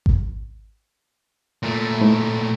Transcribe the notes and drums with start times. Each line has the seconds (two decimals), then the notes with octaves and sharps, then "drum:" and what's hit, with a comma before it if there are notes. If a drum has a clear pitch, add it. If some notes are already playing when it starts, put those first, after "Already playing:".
0.06 drum: kick G#1
1.63 A#2 A3
2.01 A2